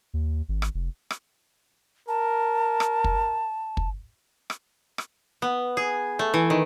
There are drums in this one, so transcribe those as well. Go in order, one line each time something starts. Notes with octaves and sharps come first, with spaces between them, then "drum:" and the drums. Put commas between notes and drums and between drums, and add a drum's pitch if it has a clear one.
D#2
G#1
drum: rim click
F1
drum: rim click
A#4 A5
drum: rim click
drum: kick
drum: kick
drum: rim click
drum: rim click
B3
G#4
A3
E3
D#3